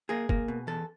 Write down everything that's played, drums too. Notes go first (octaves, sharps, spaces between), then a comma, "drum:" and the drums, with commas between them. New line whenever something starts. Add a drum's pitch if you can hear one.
A#3 G#4
A#3, drum: kick F#1
B2
E2 A4